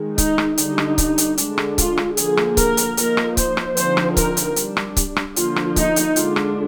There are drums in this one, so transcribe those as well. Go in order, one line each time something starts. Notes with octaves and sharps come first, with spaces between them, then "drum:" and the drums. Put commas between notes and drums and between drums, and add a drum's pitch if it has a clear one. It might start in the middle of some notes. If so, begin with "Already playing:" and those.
Already playing: D#3 G#3
D#4, drum: kick C#1, hi-hat
drum: rim click
D3 G3 D4 D#4, drum: hi-hat
drum: rim click
drum: kick C#1, hi-hat
drum: hi-hat
D3 G#3 D4, drum: hi-hat
drum: rim click
F4, drum: kick C#1, hi-hat
drum: rim click
D3 F3 A#3 G#4, drum: hi-hat
drum: rim click
A#4, drum: kick C#1, hi-hat
drum: hi-hat
F3 A#3 D#4 A#4, drum: hi-hat
drum: rim click
C5, drum: kick C#1, hi-hat
drum: rim click
D3 F3 C4 D#4 C5, drum: hi-hat
drum: rim click
A#4, drum: kick C#1, hi-hat
drum: hi-hat
G3 D4, drum: hi-hat
drum: rim click
drum: kick C#1, hi-hat
drum: rim click
D3 F3 A#3 F4, drum: hi-hat
drum: rim click
D#4, drum: kick C#1, hi-hat
drum: hi-hat
D3 G#3 D4 F4, drum: hi-hat
drum: rim click